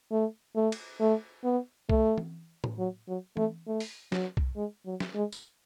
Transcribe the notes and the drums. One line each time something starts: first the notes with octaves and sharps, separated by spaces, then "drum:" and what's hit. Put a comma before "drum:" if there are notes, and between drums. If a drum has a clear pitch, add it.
A3
A3
drum: cymbal
A3
B3
A3, drum: kick B1
drum: tom E3
drum: tom A2
F#3
F#3
A3, drum: tom E3
A3
drum: open hi-hat
F#3, drum: snare
drum: kick B1
G#3
F#3
drum: snare
G#3
drum: tambourine